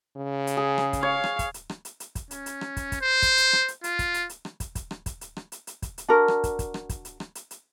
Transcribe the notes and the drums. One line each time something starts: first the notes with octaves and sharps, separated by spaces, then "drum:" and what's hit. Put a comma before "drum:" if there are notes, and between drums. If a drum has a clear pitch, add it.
C#3
drum: hi-hat
G#4
drum: rim click
drum: kick, hi-hat
C#5 F5
drum: rim click
drum: kick, hi-hat
drum: hi-hat
drum: rim click
drum: hi-hat
drum: hi-hat
drum: kick, hi-hat
C#4, drum: hi-hat
drum: hi-hat
drum: rim click
drum: kick, hi-hat
drum: kick, hi-hat
C5
drum: kick, hi-hat
drum: hi-hat
drum: rim click
drum: hi-hat
F4, drum: hi-hat
drum: kick, hi-hat
drum: hi-hat
drum: hi-hat
drum: rim click
drum: kick, hi-hat
drum: kick, hi-hat
drum: rim click
drum: kick, hi-hat
drum: hi-hat
drum: rim click
drum: hi-hat
drum: hi-hat
drum: kick, hi-hat
drum: hi-hat
D4 F#4 A#4
drum: rim click
drum: kick, hi-hat
drum: kick, hi-hat
drum: rim click
drum: kick, hi-hat
drum: hi-hat
drum: rim click
drum: hi-hat
drum: hi-hat